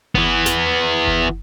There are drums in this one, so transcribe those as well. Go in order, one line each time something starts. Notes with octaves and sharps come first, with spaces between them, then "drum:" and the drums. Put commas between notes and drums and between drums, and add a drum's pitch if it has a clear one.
E3 B3, drum: kick F#1
drum: snare
drum: kick F#1